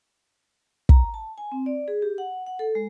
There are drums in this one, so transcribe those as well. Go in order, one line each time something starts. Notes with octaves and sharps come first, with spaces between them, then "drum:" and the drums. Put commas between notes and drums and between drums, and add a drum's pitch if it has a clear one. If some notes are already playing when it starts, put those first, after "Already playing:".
A#5, drum: kick
A5
G#5
C4
D5
G#4
G4
F#5
F#5
A4
G#3